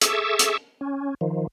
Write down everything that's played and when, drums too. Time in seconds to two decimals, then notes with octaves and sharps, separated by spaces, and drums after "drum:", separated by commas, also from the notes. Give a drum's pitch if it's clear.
0.02 G#4 A4 E5 C#6 D6 E6, drum: hi-hat
0.39 drum: hi-hat
0.81 C#4
1.21 D#3 F3